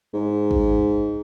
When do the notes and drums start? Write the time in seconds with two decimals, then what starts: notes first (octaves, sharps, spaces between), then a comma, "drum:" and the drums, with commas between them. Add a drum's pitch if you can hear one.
0.13 G#2
0.51 drum: kick